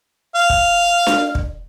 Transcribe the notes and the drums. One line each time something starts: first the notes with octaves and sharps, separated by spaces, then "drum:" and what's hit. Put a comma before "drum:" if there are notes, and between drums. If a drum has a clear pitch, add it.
F5
drum: kick
drum: snare D4
drum: kick